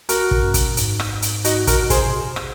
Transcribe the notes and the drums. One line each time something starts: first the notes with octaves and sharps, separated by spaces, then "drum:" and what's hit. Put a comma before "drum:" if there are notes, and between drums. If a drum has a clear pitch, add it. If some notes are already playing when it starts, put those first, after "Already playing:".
F#4 A#4, drum: hi-hat
drum: kick
F#2
drum: kick, hi-hat
G#2, drum: hi-hat
drum: rim click
drum: hi-hat
D#4 F#4, drum: hi-hat
F#4 A#4, drum: kick, hi-hat
G#4 C5, drum: kick, hi-hat
C3
drum: rim click